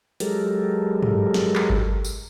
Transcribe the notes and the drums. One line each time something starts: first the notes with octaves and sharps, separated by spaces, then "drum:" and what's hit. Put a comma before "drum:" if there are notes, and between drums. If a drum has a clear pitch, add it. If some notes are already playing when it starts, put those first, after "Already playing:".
F#3 G#3 G4 A4 A#4, drum: hi-hat
drum: tom
drum: snare
drum: clap
drum: kick G1
drum: tambourine